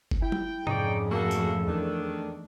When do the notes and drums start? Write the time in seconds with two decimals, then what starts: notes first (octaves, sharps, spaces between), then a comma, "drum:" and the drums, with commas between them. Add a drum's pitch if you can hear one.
0.11 drum: kick F#1
0.22 E4 G5
0.32 drum: tom
0.67 F2 G#2 C#3 D#4 C#5 D5, drum: tom C3
1.11 A3 A#3 F#4 A4
1.31 drum: tambourine
1.67 E2 D#3 D4